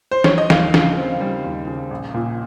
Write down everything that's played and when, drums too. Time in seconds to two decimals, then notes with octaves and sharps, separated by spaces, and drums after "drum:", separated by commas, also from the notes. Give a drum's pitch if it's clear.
0.11 C5
0.24 C#5, drum: snare
0.38 D#5
0.50 D#2 F5, drum: snare
0.74 C#3, drum: snare
0.97 C4
1.21 G3
1.44 D#2
1.67 C#3
1.91 A#1
2.14 A#2